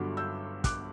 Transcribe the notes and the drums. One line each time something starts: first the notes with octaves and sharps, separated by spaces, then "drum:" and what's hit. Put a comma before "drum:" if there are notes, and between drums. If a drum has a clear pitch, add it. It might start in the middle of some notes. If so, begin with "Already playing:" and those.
Already playing: G1 G2 D3 F#3 D6
E6 G6
D6 F#6, drum: kick, hi-hat